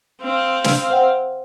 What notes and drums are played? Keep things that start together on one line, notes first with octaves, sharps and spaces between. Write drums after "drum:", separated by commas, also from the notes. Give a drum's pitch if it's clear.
C4 F5
drum: snare
C5 F#5 G5